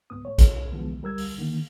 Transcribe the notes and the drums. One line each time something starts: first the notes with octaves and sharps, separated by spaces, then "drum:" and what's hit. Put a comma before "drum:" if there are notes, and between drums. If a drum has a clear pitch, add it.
C#2 G#2 B3 D#6
A2 C#5
drum: kick, hi-hat
D3 E3 F3 G#3 B3
D2 G3 A#4 E6 G#6
drum: open hi-hat
D3 D#3 A#3